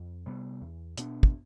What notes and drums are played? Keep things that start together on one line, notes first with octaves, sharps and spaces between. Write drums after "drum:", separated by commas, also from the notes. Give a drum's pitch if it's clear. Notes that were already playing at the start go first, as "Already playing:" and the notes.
Already playing: F2
C3 G3 B3
E2
B2 B3 D4, drum: hi-hat
drum: kick